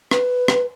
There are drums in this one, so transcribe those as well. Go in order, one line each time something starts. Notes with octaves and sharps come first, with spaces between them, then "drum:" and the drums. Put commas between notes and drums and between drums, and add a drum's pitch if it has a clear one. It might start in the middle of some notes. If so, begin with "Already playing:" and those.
B4, drum: rim click
drum: rim click